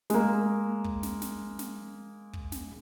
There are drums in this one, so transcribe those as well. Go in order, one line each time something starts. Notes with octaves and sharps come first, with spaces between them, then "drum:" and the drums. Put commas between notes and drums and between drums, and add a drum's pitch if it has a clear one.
G#3 A#3, drum: snare
drum: kick
drum: snare
drum: snare
drum: snare
drum: kick
drum: snare